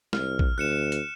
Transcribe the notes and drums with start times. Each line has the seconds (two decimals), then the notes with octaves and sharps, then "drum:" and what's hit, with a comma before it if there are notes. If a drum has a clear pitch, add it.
0.13 C2 F6, drum: snare
0.39 drum: kick
0.58 D2 F#6 C#7 E7
0.92 drum: hi-hat